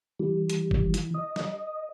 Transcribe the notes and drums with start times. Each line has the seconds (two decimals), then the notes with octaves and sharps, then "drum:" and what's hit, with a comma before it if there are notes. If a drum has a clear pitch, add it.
0.19 E3 G3
0.50 drum: hi-hat
0.71 drum: kick G1
0.94 E3, drum: hi-hat
1.14 D#5
1.36 drum: snare